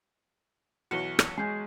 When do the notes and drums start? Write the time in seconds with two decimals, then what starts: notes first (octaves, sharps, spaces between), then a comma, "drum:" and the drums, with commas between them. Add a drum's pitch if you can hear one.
0.91 B1 E3 F#4 C#7 G7
1.19 drum: rim click
1.38 G#3 G#5 G6 C7